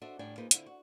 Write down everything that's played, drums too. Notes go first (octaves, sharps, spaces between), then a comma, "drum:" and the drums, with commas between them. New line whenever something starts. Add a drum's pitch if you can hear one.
D4 F#4 A4 C5 D#5 E5
D2 A2 G3 D4 G5 G#5
A#3 D#4 F4 G#4 B4 C5
D3 C4 E4 F4, drum: hi-hat
F#4